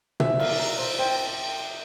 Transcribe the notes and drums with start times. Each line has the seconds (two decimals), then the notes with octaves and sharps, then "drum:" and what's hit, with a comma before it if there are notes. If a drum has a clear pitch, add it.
0.20 C5 E5, drum: tom B2
0.40 F5, drum: cymbal
0.60 A#5
0.79 C5
0.99 C5 G5